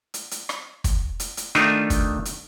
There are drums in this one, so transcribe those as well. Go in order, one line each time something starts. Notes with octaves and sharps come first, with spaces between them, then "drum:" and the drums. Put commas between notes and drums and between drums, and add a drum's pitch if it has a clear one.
drum: hi-hat
drum: hi-hat
drum: rim click
drum: kick, hi-hat
drum: hi-hat
drum: hi-hat
D#3 A3 D4 D#4 F4, drum: rim click
drum: kick, hi-hat
drum: hi-hat